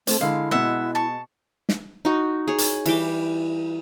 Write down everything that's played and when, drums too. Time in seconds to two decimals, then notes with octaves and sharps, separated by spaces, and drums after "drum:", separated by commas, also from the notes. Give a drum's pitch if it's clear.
0.07 A3 C4, drum: hi-hat
0.21 D3 G#3 E4 F5
0.51 B2 G#3 E5 F#5
0.95 A5 C#6
1.69 drum: snare
2.05 D#4 F#4
2.48 G#4 C#5
2.58 drum: hi-hat
2.86 E3 G3 G5 D6, drum: cymbal